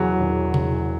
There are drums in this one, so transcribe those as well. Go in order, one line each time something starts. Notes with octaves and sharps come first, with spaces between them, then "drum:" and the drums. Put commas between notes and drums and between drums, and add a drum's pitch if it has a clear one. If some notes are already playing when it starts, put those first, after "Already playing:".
Already playing: E1 E2 C#3 E3 F#3
E1
E2 C#3 E3, drum: tom B2